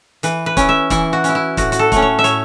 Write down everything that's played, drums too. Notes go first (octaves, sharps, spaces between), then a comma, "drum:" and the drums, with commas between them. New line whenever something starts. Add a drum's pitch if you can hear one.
E3 B4, drum: hi-hat
B4
C#4 E4, drum: kick, hi-hat
E5
E3 E4, drum: kick, hi-hat
F#4
C#4 E4, drum: hi-hat
E4
A2 F#4, drum: kick, hi-hat
F#4, drum: hi-hat
A4
A3 C#4, drum: kick, hi-hat
C#5
E5
A2 C#5, drum: hi-hat